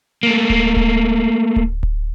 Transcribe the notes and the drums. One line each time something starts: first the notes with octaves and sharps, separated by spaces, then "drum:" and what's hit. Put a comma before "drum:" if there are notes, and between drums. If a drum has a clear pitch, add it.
A3 A#3
drum: kick D1
drum: kick D1
drum: kick D1
drum: kick D1